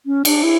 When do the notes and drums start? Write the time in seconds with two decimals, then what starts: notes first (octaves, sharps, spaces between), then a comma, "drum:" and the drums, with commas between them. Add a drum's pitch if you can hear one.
0.06 C#4
0.25 D4, drum: cymbal
0.43 E4